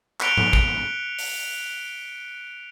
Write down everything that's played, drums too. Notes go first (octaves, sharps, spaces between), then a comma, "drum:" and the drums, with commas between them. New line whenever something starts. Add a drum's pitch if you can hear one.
F#6 B6 C#7 D7 F7 G7, drum: clap
drum: tom G#2
drum: kick
drum: open hi-hat